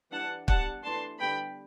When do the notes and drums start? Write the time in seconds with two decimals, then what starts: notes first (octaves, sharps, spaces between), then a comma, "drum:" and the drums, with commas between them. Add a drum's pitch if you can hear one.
0.12 E3 G3 D4 F#5 A5
0.48 G3 B3 D4 F#5 A5, drum: kick
0.83 E3 A3 D4 A5 C6
1.19 D3 G3 B3 G5 B5